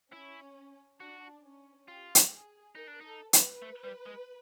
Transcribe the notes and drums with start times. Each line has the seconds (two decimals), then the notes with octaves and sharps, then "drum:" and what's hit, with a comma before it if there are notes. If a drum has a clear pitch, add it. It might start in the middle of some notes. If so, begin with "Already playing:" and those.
0.13 C#4 E4
1.00 D4 F#4
1.44 C#4
1.88 F4 G4
2.15 drum: hi-hat
2.31 G#4
2.75 D#4 A#4
2.88 D4
3.01 D#4 A4
3.33 B4, drum: hi-hat
3.62 A3
3.84 G3
4.06 G#3